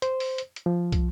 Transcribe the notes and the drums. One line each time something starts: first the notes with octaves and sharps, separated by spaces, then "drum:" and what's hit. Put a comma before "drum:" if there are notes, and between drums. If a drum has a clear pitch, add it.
C5, drum: hi-hat
drum: open hi-hat
drum: hi-hat
drum: hi-hat
F3
drum: kick, hi-hat